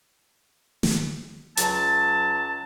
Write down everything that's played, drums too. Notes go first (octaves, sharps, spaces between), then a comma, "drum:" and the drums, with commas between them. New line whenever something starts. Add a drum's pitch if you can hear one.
drum: snare
C#2 F#3 A5, drum: hi-hat